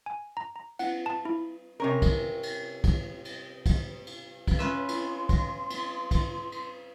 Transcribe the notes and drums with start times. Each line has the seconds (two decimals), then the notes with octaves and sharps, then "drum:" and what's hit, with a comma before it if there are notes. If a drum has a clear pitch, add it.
0.06 G#5
0.37 A#5
0.56 A#5
0.79 F#5, drum: cymbal
1.06 A5
1.25 E4
1.80 C3 C#4 A#4
2.02 drum: kick, cymbal
2.43 drum: cymbal
2.84 drum: kick, cymbal
3.25 drum: cymbal
3.66 drum: kick, cymbal
4.07 drum: cymbal
4.47 drum: kick, cymbal
4.59 C#4 B4 E5 C6
4.88 drum: cymbal
5.29 drum: kick, cymbal
5.70 drum: cymbal
6.11 drum: kick, cymbal
6.52 drum: cymbal